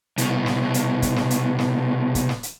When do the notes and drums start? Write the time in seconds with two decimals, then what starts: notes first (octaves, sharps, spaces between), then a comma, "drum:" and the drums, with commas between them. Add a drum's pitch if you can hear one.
0.18 C2 B2, drum: hi-hat
0.46 drum: snare
0.74 drum: hi-hat
1.02 drum: kick, hi-hat
1.16 drum: snare
1.30 drum: hi-hat
1.59 drum: snare
2.15 drum: kick, hi-hat
2.29 drum: snare
2.43 drum: hi-hat